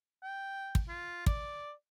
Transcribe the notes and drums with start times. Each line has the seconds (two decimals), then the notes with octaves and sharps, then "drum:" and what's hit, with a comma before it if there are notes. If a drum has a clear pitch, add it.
0.23 G5
0.75 drum: kick
0.88 F4
1.26 D5, drum: kick